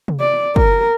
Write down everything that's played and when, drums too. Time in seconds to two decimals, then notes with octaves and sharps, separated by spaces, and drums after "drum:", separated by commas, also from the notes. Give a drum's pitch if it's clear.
0.08 drum: tom C3
0.20 D5
0.56 A#4, drum: kick